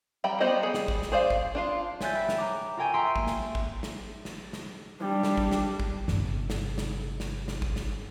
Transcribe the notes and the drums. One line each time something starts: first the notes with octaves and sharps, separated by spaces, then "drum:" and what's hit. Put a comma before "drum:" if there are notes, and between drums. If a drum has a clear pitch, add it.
G3 G5 A#5 B5
B3 G4 C5 D5 D#5
G3 G#4
drum: snare
drum: kick G#1
drum: snare
G#4 C5 D5 F5
drum: kick G#1
D4 F4 F5
C#5 E5 G#5 F#6 G6 A6, drum: snare
B4 G5
drum: snare
G5 A#5 D6
F4 A4 A#4 G5 G#5 C#6
E5 G5 A#5 C6 C#6 E6
A#3, drum: kick G#1
drum: snare
drum: kick G#1
drum: snare
drum: snare
drum: snare
G3 D4
drum: snare
drum: kick G#1
drum: snare
drum: kick G#1
G1 C3, drum: snare
drum: snare
drum: snare
drum: snare
drum: snare
drum: kick G#1
drum: snare